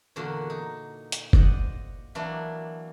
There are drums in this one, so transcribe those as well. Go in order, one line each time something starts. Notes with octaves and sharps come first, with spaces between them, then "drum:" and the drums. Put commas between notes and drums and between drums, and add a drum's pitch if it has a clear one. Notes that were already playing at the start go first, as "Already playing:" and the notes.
E2 A#2 D3 A#3 D4 F#4
D#4
drum: hi-hat
C5 D5 D#5 F#5, drum: kick F#1
E3 F#3 A#3 D4 E4